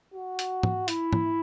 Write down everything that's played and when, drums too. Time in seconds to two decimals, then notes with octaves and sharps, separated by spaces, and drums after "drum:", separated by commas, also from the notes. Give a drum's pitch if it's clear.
0.14 F#4
0.39 drum: hi-hat
0.63 drum: tom
0.88 E4, drum: hi-hat
1.13 drum: tom